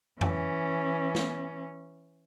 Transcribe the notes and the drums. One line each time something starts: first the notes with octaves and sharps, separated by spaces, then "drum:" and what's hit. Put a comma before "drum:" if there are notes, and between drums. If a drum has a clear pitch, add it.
E3 C#4, drum: tom F2
drum: snare